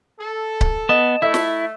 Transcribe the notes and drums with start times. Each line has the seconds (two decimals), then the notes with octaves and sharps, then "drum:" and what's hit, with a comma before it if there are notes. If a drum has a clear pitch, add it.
0.19 A4
0.61 drum: kick C#1
0.89 B3 D#5 A5
1.22 A3 E4 E5
1.34 drum: snare